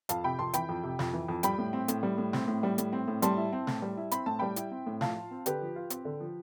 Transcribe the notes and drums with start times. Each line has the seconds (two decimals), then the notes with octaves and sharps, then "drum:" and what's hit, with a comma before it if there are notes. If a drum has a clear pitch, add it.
0.09 F2 F5 A5, drum: hi-hat
0.24 C3 G5 B5
0.39 F2 A5 C6
0.54 E3 G5 B5, drum: hi-hat
0.69 F2
0.83 C3
0.99 F2, drum: snare
1.13 E3
1.28 F2
1.43 G3 G5 B5, drum: hi-hat
1.58 A2
1.73 C4
1.88 A2, drum: hi-hat
2.03 G3
2.18 A2
2.33 C4, drum: snare
2.48 A2
2.63 G3
2.78 A2, drum: hi-hat
2.93 C4
3.08 A2
3.22 G3 A5 C6, drum: hi-hat
3.37 E4
3.53 C4
3.67 A2, drum: snare
3.82 G3
3.97 E4
4.11 C4 B5, drum: hi-hat
4.26 A2 A5
4.39 G3 G5 B5
4.56 E4, drum: hi-hat
4.71 C4
4.87 A2
5.01 F3 F5 A5, drum: snare
5.16 F4
5.31 C4
5.46 D3 G4 B4, drum: hi-hat
5.61 F3
5.76 F4
5.90 C4, drum: hi-hat
6.05 D3
6.20 F3